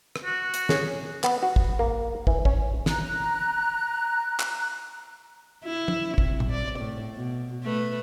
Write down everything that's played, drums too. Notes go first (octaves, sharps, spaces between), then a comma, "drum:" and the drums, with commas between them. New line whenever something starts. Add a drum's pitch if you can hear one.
drum: rim click
F#4
drum: hi-hat
C#4 G#4, drum: snare
B3, drum: clap
F#4
drum: kick
A#3
E3, drum: kick
C#4, drum: kick
A#5 F#6, drum: snare
drum: clap
E4
drum: tom F3
C3, drum: kick
drum: tom A#2
D5
A2
B2
A3 B4